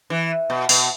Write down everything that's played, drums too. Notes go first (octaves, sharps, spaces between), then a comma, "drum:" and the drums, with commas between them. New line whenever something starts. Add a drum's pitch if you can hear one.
E3
B2
B2, drum: open hi-hat